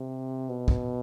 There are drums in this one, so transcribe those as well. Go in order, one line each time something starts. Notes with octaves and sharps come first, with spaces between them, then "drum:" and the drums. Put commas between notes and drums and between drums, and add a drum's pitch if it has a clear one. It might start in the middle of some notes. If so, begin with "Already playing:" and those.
Already playing: C3
B2
drum: kick